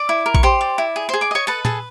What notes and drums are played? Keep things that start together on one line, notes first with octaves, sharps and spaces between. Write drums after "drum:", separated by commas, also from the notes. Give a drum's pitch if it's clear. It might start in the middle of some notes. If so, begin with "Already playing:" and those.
Already playing: D5 D6
E4
A#4
C#6, drum: kick A#1
G4 C5 C6
D5
E4
G#4
C5 C6
G#4
D5 D6
C#5 D#5 C#6
A4 B4 A5
G#4 A4 A5, drum: tom A#2